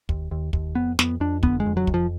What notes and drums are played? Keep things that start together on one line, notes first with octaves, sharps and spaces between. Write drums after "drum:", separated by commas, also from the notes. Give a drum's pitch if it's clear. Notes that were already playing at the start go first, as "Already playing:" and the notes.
D#2, drum: kick
D#2
D#2, drum: kick
F2 B3
F2 B3, drum: snare
F2 D4
D3 B3, drum: kick
G#3
F2
F#3
F2, drum: kick
F3